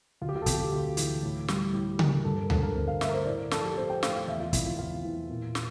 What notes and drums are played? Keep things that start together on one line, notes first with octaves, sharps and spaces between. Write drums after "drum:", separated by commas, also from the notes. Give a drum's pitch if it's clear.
D2 F4
G4
F4
A4
C3 G4, drum: kick, hi-hat
D2 F4
E3, drum: hi-hat
A2
G3, drum: snare
A2 G4
A#3, drum: tom C#3
G2 A4
A#4
D3 A4, drum: tom D2
A#4
C4
F5
A3 E5, drum: snare
A#4
C5
A2 D5
F3 A4, drum: snare
G4
C4 C5
G5
A3 F5, drum: snare
F5
E2 E5
F4
C3 E4, drum: kick, hi-hat
F4
E2 F4
E3
A#2
drum: snare